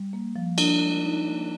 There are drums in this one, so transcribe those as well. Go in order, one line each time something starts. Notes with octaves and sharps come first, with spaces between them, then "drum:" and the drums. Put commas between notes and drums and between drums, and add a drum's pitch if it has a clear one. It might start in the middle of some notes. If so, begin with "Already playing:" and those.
Already playing: G3
A#3
F3
D4, drum: cymbal
G#3
D#4
A#3